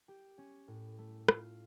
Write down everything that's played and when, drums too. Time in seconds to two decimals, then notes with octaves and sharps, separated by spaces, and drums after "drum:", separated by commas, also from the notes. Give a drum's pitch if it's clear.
0.08 G4
0.38 C#4
0.68 A2
0.99 A3
1.28 F4, drum: rim click